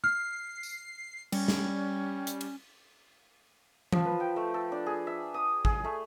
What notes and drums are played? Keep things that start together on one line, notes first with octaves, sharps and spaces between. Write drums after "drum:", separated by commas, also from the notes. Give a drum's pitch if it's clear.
F6 C7
drum: tambourine
G3 C#4, drum: cymbal
drum: snare
drum: hi-hat
drum: cymbal
F3, drum: tom E3
B4
G5
A3
A4
D4
G#4
E5
D#6
G#4, drum: kick G#1
A3